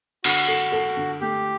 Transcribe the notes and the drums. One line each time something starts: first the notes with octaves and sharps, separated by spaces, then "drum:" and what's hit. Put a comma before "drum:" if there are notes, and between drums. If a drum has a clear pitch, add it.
D3 F#4, drum: cymbal
A4
A4
D3
A3 G4